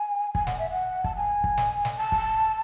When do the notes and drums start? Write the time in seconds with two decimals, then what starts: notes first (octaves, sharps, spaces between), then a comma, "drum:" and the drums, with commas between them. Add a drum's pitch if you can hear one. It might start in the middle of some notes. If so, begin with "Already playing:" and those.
Already playing: G#5
0.35 G#5, drum: kick
0.47 F#5, drum: snare
0.59 E5
0.70 F#5
1.04 A5, drum: kick
1.16 G#5
1.44 drum: kick
1.57 drum: snare
1.85 drum: snare
1.98 A5
2.12 drum: kick